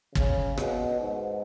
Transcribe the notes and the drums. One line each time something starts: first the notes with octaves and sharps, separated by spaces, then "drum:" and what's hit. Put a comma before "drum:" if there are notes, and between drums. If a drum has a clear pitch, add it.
C#3, drum: kick
B2, drum: rim click
G#2